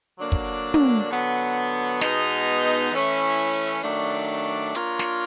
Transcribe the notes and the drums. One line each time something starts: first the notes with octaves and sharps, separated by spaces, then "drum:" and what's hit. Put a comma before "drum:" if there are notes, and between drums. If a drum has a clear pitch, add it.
D3 F#3 A#3 D4
drum: kick
drum: tom
D3 F#3 B3
B2 G#3 B3 D#4, drum: snare
E3 A3 C#4 E4
D#3 F#3 A3 D4
A#3 D4 F4 A#4 C#5, drum: hi-hat
drum: snare